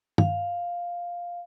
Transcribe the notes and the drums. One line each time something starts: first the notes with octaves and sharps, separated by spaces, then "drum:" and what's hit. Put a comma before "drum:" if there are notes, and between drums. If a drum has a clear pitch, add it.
F5, drum: tom